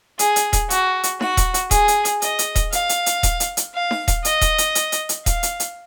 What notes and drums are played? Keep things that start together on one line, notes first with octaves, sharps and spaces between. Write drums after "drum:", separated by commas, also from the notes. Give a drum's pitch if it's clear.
G#4, drum: hi-hat
drum: hi-hat
drum: kick D#1, hi-hat
F#4, drum: hi-hat
drum: hi-hat
F#4, drum: snare D#4
drum: kick D#1, hi-hat
drum: hi-hat
G#4, drum: kick D#1, hi-hat
drum: hi-hat
drum: hi-hat
D#5, drum: hi-hat
drum: hi-hat
drum: kick D#1, hi-hat
F5, drum: hi-hat
drum: hi-hat
drum: hi-hat
drum: kick D#1, hi-hat
drum: hi-hat
drum: hi-hat
F5
drum: snare D#4
drum: kick D#1, hi-hat
D#5, drum: hi-hat
drum: kick D#1, hi-hat
drum: hi-hat
drum: hi-hat
drum: hi-hat
drum: hi-hat
F5, drum: kick D#1, hi-hat
drum: hi-hat
drum: hi-hat